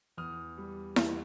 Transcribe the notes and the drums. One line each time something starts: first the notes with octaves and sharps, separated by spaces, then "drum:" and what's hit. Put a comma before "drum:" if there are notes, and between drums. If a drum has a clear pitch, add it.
E2 D#6 F6
G3
E2, drum: snare E4